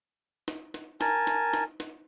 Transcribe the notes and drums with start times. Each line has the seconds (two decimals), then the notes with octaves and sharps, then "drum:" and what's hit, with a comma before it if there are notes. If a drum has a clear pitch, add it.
0.48 drum: snare
0.74 drum: snare
1.01 A#4 G#5 A5, drum: snare
1.27 drum: snare
1.53 drum: snare
1.80 drum: snare